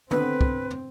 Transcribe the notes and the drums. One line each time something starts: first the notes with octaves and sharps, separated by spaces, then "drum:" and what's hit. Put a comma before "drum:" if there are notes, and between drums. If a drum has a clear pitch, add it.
D3 B3 C4 B4, drum: tom
drum: kick
drum: tom